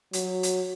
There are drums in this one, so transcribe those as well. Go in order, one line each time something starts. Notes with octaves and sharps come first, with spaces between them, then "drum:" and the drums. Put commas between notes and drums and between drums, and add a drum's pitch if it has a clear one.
F#3, drum: hi-hat
drum: hi-hat